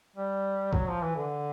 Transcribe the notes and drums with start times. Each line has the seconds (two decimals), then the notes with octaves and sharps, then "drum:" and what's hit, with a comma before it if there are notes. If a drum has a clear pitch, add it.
0.16 G3
0.73 F#3, drum: kick
0.87 F3
1.01 E3
1.15 D3